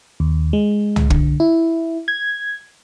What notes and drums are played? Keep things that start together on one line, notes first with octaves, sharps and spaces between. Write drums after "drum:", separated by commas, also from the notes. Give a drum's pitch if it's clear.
D#2
G#3
drum: tom
D3, drum: kick
E4
G#6